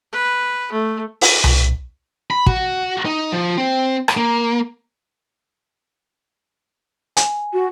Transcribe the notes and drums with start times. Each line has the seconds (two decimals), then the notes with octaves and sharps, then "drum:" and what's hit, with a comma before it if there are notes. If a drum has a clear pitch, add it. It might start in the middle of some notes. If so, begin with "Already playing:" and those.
0.13 B4
0.72 A3
1.21 drum: open hi-hat
1.44 drum: tom C2
2.31 B5
2.46 F#4, drum: kick
3.05 D#4
3.32 F3
3.58 C4
4.08 drum: rim click
4.17 A#3
7.17 G#5, drum: hi-hat
7.53 F#4